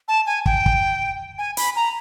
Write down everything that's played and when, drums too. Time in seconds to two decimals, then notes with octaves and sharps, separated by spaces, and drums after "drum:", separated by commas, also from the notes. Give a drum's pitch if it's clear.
0.08 A5
0.26 G#5
0.46 G5, drum: kick
0.66 drum: kick
1.38 G#5
1.57 B5, drum: hi-hat
1.76 A#5